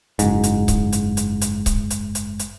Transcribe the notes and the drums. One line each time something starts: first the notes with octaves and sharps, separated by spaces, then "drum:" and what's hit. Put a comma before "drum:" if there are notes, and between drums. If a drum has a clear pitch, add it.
F#1 G#2, drum: hi-hat
drum: hi-hat
drum: kick C#1, hi-hat
drum: hi-hat
drum: hi-hat
drum: hi-hat
drum: kick C#1, hi-hat
drum: hi-hat
drum: hi-hat
drum: hi-hat